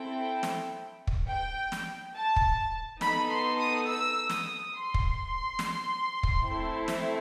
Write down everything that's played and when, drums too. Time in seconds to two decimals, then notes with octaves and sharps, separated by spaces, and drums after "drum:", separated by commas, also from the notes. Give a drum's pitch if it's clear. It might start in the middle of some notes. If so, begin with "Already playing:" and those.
Already playing: C4 E4 A4 G5
0.43 drum: snare
1.07 drum: kick
1.29 G5
1.72 drum: snare
2.15 A5
2.36 drum: kick
3.01 B3 D#4 A4 B5, drum: snare
3.30 C6
3.58 D#6
3.87 E6
4.30 D#6, drum: snare
4.73 C6
4.94 drum: kick
5.59 drum: snare
6.23 drum: kick
6.45 A3 C4 E4 A4
6.88 drum: snare